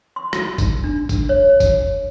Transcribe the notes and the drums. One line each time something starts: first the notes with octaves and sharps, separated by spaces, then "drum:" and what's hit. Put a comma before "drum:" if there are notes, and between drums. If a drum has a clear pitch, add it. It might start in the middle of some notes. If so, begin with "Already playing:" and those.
C6
drum: rim click
drum: kick G1, tambourine
D4
drum: kick G1, tambourine
C#5
drum: kick G1, tambourine